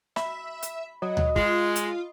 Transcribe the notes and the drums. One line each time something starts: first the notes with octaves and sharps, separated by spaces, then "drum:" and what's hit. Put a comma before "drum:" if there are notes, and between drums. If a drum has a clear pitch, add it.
E5 B5, drum: snare
drum: hi-hat
F#3 D#5
drum: tom D2
G#3 F4, drum: kick
drum: hi-hat